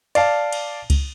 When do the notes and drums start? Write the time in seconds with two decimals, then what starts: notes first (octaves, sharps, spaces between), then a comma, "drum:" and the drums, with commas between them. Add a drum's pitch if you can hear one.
0.15 D5 F5 A5, drum: cymbal
0.53 drum: cymbal
0.90 drum: kick C#2, cymbal